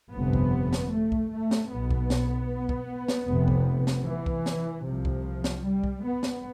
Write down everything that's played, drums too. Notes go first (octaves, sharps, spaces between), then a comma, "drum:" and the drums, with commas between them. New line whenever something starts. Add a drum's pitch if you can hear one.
G1 F2 C3 B3
drum: kick B1
drum: snare
A3
drum: kick B1
A3
drum: snare
B1 B2 B3
drum: kick B1
drum: snare
drum: kick B1
drum: snare
F1 F2 C3
drum: kick B1
drum: snare
E3
drum: kick B1
drum: snare
C2 C3 F3
drum: kick B1
drum: snare
G3
drum: kick B1
B3
drum: snare